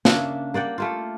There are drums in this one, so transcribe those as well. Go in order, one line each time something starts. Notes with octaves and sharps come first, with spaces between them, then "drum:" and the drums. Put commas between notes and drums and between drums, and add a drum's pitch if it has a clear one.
C#3 A#3 D4 E5, drum: snare
A#3 D5 F#5 G5
A3 A#3 F4